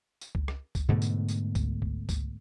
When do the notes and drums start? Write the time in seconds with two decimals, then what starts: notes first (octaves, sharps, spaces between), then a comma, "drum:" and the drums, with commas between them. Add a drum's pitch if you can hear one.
0.21 drum: tambourine
0.35 drum: kick C#2
0.48 drum: rim click
0.75 drum: kick C#2, tambourine
0.88 G#2 B2 D3 A3
1.02 drum: tambourine
1.28 drum: tambourine
1.55 drum: kick C#2, tambourine
1.82 drum: kick C#2
2.09 drum: kick C#2, tambourine